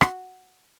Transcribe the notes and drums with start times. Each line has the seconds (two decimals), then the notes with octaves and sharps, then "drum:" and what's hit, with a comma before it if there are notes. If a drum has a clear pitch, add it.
0.01 F#4, drum: rim click